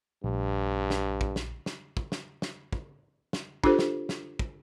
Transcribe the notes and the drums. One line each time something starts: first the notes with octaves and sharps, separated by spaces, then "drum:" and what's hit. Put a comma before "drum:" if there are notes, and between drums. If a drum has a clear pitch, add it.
A#1 G2
drum: snare
drum: kick
drum: snare
drum: snare
drum: kick
drum: snare
drum: snare
drum: kick
drum: snare
D4 F4 G4 A4 C5, drum: kick
drum: snare
drum: snare
drum: kick